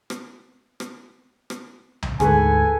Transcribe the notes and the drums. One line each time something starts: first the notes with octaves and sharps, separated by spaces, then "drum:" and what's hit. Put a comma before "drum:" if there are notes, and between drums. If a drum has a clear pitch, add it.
drum: rim click
drum: rim click
drum: rim click
drum: tom C2
D2 G#2 G#4 A4 B4 G#5, drum: rim click